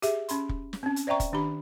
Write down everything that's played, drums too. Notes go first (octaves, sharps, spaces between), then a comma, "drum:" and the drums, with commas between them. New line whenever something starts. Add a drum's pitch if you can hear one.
G4 G#4 E5, drum: hi-hat
C#4 B5 C6, drum: hi-hat
drum: kick
drum: snare
C4 C#4
drum: hi-hat
C5 D5 E5 G5 A#5 C#6
drum: kick, hi-hat
D#3 D4 G4 B5